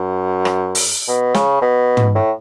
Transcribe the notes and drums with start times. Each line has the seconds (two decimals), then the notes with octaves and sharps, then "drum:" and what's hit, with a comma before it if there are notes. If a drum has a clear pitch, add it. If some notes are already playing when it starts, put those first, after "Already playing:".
Already playing: F#2
0.45 drum: rim click
0.75 drum: open hi-hat
1.08 B2
1.34 C#3, drum: snare
1.61 B2
1.97 drum: tom
2.15 A2